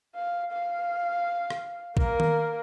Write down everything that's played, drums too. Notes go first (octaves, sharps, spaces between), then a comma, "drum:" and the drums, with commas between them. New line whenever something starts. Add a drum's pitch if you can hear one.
F5
F5
drum: rim click
A#3 A#4, drum: kick
drum: tom D#3